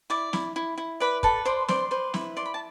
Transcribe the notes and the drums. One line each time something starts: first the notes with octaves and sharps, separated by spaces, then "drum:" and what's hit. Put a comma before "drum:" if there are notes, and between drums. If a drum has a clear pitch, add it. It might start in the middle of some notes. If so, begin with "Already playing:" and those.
E4 D5 D6
E4, drum: snare
E4
E4
B4 D5 B5
A4 B4 A5, drum: kick
C5 D5 C6
C5 D5 C6, drum: snare
B4 C5 C6
E4, drum: snare
D5 C6
B5
A5